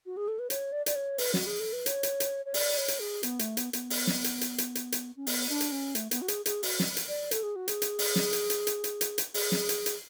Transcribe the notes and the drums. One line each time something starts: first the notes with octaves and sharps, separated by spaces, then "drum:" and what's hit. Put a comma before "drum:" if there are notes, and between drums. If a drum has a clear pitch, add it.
F#4
G#4
A4
B4
C#5, drum: hi-hat
D5
D5, drum: hi-hat
C#5
B4, drum: open hi-hat
F#4, drum: snare
G#4
A4
B4
C#5, drum: hi-hat
drum: hi-hat
drum: hi-hat
C#5
D5, drum: open hi-hat
C#5
drum: hi-hat
G#4
B3, drum: hi-hat
A3, drum: hi-hat
B3, drum: hi-hat
B3, drum: hi-hat
drum: open hi-hat
drum: snare
drum: hi-hat
drum: hi-hat
drum: hi-hat
drum: hi-hat
drum: hi-hat
C#4
B3, drum: open hi-hat
D4
drum: hi-hat
C#4
A3, drum: hi-hat
B3, drum: hi-hat
F#4
G#4, drum: hi-hat
G#4, drum: hi-hat
F#4, drum: open hi-hat
drum: snare
drum: hi-hat
D5
A4, drum: hi-hat
G#4
F#4
G#4, drum: hi-hat
drum: hi-hat
drum: open hi-hat
drum: snare
drum: hi-hat
drum: hi-hat
drum: hi-hat
drum: hi-hat
drum: hi-hat
drum: hi-hat
G#4, drum: open hi-hat
drum: snare
drum: hi-hat
drum: hi-hat